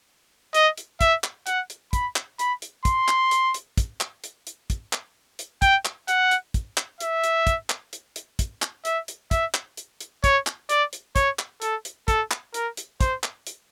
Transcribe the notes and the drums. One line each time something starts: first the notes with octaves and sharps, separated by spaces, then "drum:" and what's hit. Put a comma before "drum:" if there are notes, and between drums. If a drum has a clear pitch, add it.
D#5, drum: hi-hat
drum: hi-hat
E5, drum: kick, hi-hat
drum: clap
F#5, drum: hi-hat
drum: hi-hat
B5, drum: kick, hi-hat
drum: clap
B5, drum: hi-hat
drum: hi-hat
C6, drum: kick, hi-hat
drum: clap
drum: hi-hat
drum: hi-hat
drum: kick, hi-hat
drum: clap
drum: hi-hat
drum: hi-hat
drum: kick, hi-hat
drum: clap
drum: hi-hat
G5, drum: kick, hi-hat
drum: clap
F#5, drum: hi-hat
drum: hi-hat
drum: kick, hi-hat
drum: clap
E5, drum: hi-hat
drum: hi-hat
drum: kick, hi-hat
drum: clap
drum: hi-hat
drum: hi-hat
drum: kick, hi-hat
drum: clap
E5, drum: hi-hat
drum: hi-hat
E5, drum: kick, hi-hat
drum: clap
drum: hi-hat
drum: hi-hat
C#5, drum: kick, hi-hat
drum: clap
D5, drum: hi-hat
drum: hi-hat
C#5, drum: kick, hi-hat
drum: clap
A4, drum: hi-hat
drum: hi-hat
A4, drum: kick, hi-hat
drum: clap
A#4, drum: hi-hat
drum: hi-hat
C5, drum: kick, hi-hat
drum: clap
drum: hi-hat